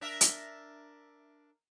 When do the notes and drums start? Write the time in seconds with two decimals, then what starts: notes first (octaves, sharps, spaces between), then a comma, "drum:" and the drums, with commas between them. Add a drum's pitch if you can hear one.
0.01 D4 A#4 E5
0.21 drum: hi-hat